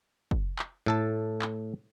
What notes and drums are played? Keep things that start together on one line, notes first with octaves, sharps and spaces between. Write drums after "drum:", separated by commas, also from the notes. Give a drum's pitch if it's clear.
drum: kick
drum: clap
A2 A4 A5
drum: clap